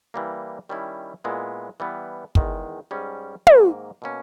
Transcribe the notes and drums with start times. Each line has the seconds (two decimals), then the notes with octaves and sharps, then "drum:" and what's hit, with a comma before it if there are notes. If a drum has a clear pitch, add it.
0.14 E3 G3 A#3
0.69 D#3 G3 C#4 E4
1.24 A#2 G#3 B3 E4
1.80 E3 G3 B3
2.35 E2 D#3 G#3, drum: kick
2.91 G#2 G3 C#4 G#4
3.47 G#2 D#3 A#3, drum: tom
4.02 B2 A#3 C#4